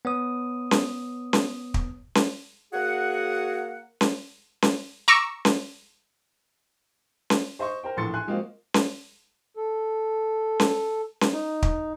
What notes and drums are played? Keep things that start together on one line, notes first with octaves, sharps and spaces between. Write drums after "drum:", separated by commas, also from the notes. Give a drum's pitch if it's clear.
B3 C#5 D#6
drum: snare C#4
drum: snare C#4
drum: kick
drum: snare C#4
A#3 F#4 G#4 C#5 F#5
drum: snare C#4
drum: snare C#4
A#5 C#6 D6 E6
drum: snare C#4
drum: snare C#4
C5 D#5 C6 C#6
A#4 C5 G5
A#1 A2 E3 C6 A6 C#7
G#5 C6 F#6
F3 G#3 A#3 C4 F4 F#4
drum: snare C#4
A4
drum: snare C#4
drum: snare C#4
D#4
drum: kick